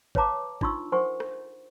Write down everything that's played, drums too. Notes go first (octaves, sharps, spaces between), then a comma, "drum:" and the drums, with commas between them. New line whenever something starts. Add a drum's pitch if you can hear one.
B4 C#5 F5 A5 A#5 D6, drum: kick
D4 D#4 F4 C6 C#6 E6, drum: kick
A#4 C5 F#5 G#5 C6 C#6
drum: rim click